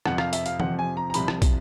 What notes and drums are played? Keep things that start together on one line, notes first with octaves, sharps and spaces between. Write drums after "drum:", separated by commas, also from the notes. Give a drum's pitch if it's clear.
F2 C3 F3 F#5, drum: rim click
F5, drum: rim click
E5, drum: hi-hat
F5, drum: hi-hat
F2 C3 F3 F#5, drum: tom E3
G#5
A#5
A#5
C2 C3 F3 B5, drum: hi-hat
drum: rim click
drum: kick, hi-hat